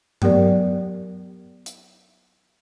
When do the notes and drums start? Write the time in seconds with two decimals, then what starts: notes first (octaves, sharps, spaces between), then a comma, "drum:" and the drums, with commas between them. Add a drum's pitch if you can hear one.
0.22 F#3 B3 G4 A#4 D5, drum: tom G2
1.66 drum: hi-hat